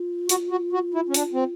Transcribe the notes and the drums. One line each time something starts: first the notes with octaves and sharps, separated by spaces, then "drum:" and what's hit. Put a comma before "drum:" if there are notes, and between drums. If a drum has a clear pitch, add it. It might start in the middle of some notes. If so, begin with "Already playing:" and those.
Already playing: F4
F#4, drum: hi-hat
F#4
F#4
E4
C#4
D4, drum: hi-hat
C4